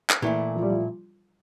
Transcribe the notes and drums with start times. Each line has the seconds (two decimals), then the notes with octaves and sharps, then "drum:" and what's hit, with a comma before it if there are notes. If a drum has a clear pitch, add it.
0.10 drum: clap
0.22 A#2 E3 A3 E4
0.56 F3
0.63 G3
0.71 F3